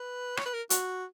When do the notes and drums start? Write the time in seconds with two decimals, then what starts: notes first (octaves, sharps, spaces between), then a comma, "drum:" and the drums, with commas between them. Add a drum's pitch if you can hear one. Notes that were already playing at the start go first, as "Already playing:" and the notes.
Already playing: B4
0.37 C#5, drum: rim click
0.46 B4
0.54 A#4
0.70 F#4, drum: hi-hat